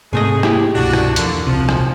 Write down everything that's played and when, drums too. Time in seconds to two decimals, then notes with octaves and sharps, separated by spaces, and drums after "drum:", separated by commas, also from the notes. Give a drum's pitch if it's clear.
0.13 G#2 C3 A3 G#4 D#5
0.43 A#3 E4 G4, drum: rim click
0.75 C2 G2 B2 D4 F#4
0.93 drum: rim click
1.16 E2 D3 F3 A#3, drum: hi-hat
1.47 D#1 C2 C3 F3
1.69 drum: rim click